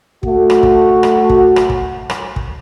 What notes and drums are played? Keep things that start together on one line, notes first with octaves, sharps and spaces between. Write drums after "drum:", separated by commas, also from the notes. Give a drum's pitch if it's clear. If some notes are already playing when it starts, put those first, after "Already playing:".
A3 F#4, drum: kick
drum: rim click
drum: kick
drum: rim click
drum: kick
drum: rim click
drum: kick
drum: rim click
drum: kick